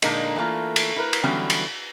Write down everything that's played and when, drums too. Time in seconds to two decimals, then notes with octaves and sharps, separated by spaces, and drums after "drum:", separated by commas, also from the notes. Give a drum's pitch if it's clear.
0.02 A#2 D3 G#3 A#3 D4 D#4, drum: cymbal
0.36 E3 A3 A#3 F4
0.76 drum: cymbal
0.96 E4 A#4 B4
1.13 drum: cymbal
1.23 D3 E3 F#3 G3 B3 C#4
1.50 drum: cymbal